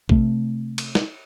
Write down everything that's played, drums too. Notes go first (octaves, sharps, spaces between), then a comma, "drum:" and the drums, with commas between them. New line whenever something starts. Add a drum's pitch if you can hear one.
C3 A3, drum: kick
drum: cymbal
drum: snare